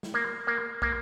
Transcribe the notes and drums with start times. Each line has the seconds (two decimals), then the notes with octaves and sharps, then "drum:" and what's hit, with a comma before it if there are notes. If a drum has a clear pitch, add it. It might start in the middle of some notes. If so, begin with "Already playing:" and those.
0.03 drum: snare
0.14 A#3
0.47 A#3
0.82 A#3, drum: kick